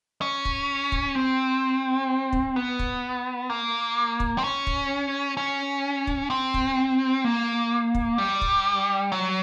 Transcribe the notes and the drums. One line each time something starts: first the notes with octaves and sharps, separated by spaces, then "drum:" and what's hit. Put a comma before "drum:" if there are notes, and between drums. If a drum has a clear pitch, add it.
C#4
drum: kick
drum: kick
C4
drum: kick
B3
drum: kick
A#3
drum: kick
C4
C#4
drum: kick
C#4
drum: kick
C4
drum: kick
A#3
drum: kick
G3
drum: kick
F#3